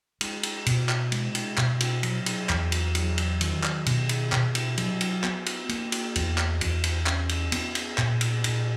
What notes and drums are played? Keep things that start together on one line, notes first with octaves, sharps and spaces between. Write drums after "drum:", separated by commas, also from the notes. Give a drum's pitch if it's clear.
G#3, drum: cymbal
drum: cymbal
B2, drum: cymbal
drum: clap
G#3, drum: cymbal
drum: cymbal
B2, drum: clap
drum: cymbal
F#3, drum: cymbal
drum: cymbal
E2, drum: clap
drum: cymbal
F#3, drum: cymbal
drum: cymbal
D#3, drum: cymbal
drum: clap
B2, drum: cymbal
drum: cymbal
B2, drum: clap
drum: cymbal
F#3, drum: cymbal
drum: cymbal
B3, drum: clap
drum: cymbal
A#3, drum: cymbal
drum: cymbal
E2, drum: cymbal
drum: clap
E2, drum: cymbal
drum: cymbal
C#4, drum: clap
drum: cymbal
B3, drum: cymbal
drum: cymbal
A#2, drum: clap
drum: cymbal
A#2, drum: cymbal